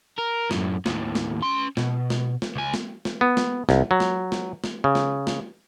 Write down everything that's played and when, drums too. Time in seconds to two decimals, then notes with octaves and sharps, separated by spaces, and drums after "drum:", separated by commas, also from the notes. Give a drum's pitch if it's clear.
0.19 A#4
0.51 F#2 A2, drum: snare
0.86 D#2 A2, drum: snare
1.15 drum: snare
1.42 C#4 C6
1.77 B2, drum: snare
2.10 drum: snare
2.42 drum: snare
2.56 C#2 G#5
2.74 drum: snare
3.05 drum: snare
3.21 B3
3.37 drum: snare
3.69 C2, drum: snare
3.91 F#3
4.00 drum: snare
4.32 drum: snare
4.64 drum: snare
4.84 C#3
4.95 drum: snare
5.27 drum: snare